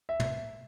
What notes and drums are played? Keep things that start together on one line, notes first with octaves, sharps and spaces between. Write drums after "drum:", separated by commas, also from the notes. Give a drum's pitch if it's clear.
E5
drum: tom